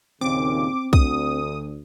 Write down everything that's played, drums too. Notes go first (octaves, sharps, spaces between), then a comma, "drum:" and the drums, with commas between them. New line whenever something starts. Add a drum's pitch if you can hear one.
D#2 A#2 C#3 C4 D6
D2 D#6, drum: kick